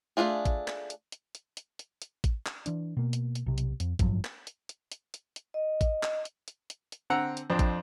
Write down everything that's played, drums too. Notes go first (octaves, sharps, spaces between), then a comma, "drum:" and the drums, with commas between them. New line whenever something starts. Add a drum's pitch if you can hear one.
A3 B3 D4 F4 G#4
drum: kick A1, hi-hat
drum: clap
drum: hi-hat
drum: hi-hat
drum: hi-hat
drum: hi-hat
drum: hi-hat
drum: hi-hat
drum: kick A1, hi-hat
drum: clap
E3 D4, drum: hi-hat
B2 A#3
drum: hi-hat
drum: hi-hat
B1 C3
drum: hi-hat
F2, drum: hi-hat
A1 G2 F3 F#3, drum: kick A1, hi-hat
drum: clap
drum: hi-hat
drum: hi-hat
drum: hi-hat
drum: hi-hat
drum: hi-hat
D#5
drum: kick A1, hi-hat
drum: clap
drum: hi-hat
drum: hi-hat
drum: hi-hat
drum: hi-hat
D3 C4 F#5 A#5 E6
drum: hi-hat
F2 C4 D4
drum: kick A1, hi-hat